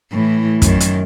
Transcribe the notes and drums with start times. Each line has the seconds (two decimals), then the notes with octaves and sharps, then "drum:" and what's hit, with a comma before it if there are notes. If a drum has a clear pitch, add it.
0.11 A2 E3
0.62 F#2 D#3, drum: kick, hi-hat
0.80 drum: hi-hat